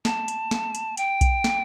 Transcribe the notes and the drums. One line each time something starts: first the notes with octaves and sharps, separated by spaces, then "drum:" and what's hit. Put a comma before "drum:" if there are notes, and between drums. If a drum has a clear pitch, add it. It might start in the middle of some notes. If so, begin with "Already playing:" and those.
A5, drum: snare
drum: hi-hat
drum: snare
drum: hi-hat
G5, drum: hi-hat
drum: kick B1, hi-hat
drum: snare